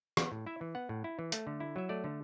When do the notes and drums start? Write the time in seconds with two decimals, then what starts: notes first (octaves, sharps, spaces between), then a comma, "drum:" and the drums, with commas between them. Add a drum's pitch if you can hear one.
0.17 B3 D5, drum: rim click
0.32 A2
0.46 E4 E5
0.61 E3
0.75 B3 F#5
0.89 A2
1.04 E4
1.19 E3
1.32 A3, drum: hi-hat
1.47 D3
1.60 E4
1.76 F#3 E5
1.89 A3 D5
2.04 D3